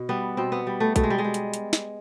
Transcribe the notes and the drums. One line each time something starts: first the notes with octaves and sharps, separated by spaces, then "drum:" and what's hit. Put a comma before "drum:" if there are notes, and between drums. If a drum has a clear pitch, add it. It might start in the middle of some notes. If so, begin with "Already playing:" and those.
Already playing: B2
G3 B3
B2 C4
B3
G3
A3
B2 A3, drum: kick, hi-hat
G#3
G3
G#3
G3
drum: hi-hat
drum: hi-hat
drum: snare